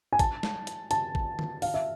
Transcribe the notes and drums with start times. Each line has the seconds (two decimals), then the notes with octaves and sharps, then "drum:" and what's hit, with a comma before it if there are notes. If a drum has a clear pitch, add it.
0.13 G#5
0.19 A5, drum: kick A1, hi-hat
0.43 drum: snare
0.67 drum: hi-hat
0.91 A5, drum: hi-hat
1.15 drum: kick A1
1.39 drum: tom D3
1.62 F5, drum: open hi-hat
1.74 E5